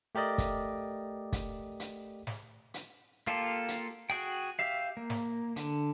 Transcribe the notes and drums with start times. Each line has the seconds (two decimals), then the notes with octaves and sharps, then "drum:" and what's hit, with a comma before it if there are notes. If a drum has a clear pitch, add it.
0.15 A3 G4 A#4 D5 D#5
0.38 drum: kick, hi-hat
1.33 drum: kick, hi-hat
1.80 drum: hi-hat
2.27 drum: snare
2.74 drum: hi-hat
3.27 A#3 F4 G4 A4
3.68 drum: hi-hat
4.10 F#4 G#4 G5
4.59 G4 E5 F5
4.97 A#3
5.10 drum: snare
5.56 D3, drum: hi-hat